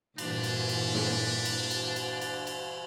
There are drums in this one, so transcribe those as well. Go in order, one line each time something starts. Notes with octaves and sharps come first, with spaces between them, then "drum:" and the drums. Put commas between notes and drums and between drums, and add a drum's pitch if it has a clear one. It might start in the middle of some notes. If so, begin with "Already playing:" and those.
G2 A#2 E3 D4, drum: cymbal
drum: cymbal
drum: cymbal
drum: snare
drum: cymbal
drum: cymbal
drum: cymbal
drum: cymbal
drum: cymbal